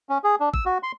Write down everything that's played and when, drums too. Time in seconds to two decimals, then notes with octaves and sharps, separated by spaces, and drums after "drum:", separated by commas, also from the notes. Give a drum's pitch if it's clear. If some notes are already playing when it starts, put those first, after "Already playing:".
0.09 C#4
0.24 G#4
0.40 D4
0.54 E6, drum: kick
0.66 F#4
0.83 C6